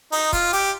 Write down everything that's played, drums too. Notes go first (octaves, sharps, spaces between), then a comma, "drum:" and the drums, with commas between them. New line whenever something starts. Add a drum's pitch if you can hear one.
D#4, drum: open hi-hat
F4, drum: kick, hi-hat
G4, drum: hi-hat